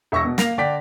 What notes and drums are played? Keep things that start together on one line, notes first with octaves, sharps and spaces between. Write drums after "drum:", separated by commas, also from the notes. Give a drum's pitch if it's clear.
E1 E5 C#6 E6 A#6
B2
A#3 F5 A#6 F7, drum: snare
D3 D5 G5 B6